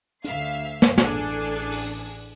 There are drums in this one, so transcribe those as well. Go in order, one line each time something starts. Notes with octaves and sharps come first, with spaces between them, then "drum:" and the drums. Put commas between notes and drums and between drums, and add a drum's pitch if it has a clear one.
D2 E5 F5 C7, drum: hi-hat
drum: snare
A1 D4 G#4 A4, drum: snare
drum: open hi-hat